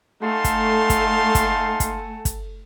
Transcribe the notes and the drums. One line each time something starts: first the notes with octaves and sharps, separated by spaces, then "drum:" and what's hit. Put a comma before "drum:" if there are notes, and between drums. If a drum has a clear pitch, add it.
A3 D#4 F5 F#5 G#5 A5 C6
drum: kick, hi-hat
drum: kick, hi-hat
drum: kick, hi-hat
drum: kick, hi-hat
drum: kick, hi-hat